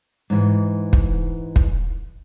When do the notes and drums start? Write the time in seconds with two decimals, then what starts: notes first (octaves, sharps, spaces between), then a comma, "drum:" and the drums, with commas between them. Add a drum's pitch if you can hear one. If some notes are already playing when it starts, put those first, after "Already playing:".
0.30 G#2 E3
0.93 drum: kick
1.56 drum: kick